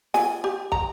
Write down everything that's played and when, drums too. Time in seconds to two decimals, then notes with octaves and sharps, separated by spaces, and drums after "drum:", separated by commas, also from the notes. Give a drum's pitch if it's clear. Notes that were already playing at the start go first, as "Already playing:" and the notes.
0.14 G#5, drum: snare
0.44 G4
0.72 A#5, drum: kick